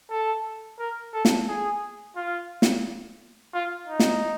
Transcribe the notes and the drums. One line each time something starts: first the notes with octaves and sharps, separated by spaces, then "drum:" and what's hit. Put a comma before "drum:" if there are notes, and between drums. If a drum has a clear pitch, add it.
A4
A#4
A4
drum: snare
G#4
F4
drum: snare
F4
D#4
drum: snare